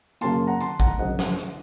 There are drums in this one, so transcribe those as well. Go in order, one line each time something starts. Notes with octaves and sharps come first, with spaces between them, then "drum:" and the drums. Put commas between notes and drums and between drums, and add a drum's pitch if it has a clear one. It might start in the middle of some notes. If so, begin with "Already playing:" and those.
F#2 C#3 F#3 A#3 A5 C6, drum: hi-hat
F#5 A#5
A5 C6, drum: hi-hat
F#5 A#5, drum: kick A1, hi-hat
F#2 C#3 F#3 C4 D#5 F#5
drum: snare
drum: hi-hat